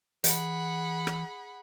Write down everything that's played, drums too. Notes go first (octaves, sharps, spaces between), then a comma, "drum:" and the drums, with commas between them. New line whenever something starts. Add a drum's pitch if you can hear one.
E3 G#4 F#5 B5, drum: hi-hat
drum: rim click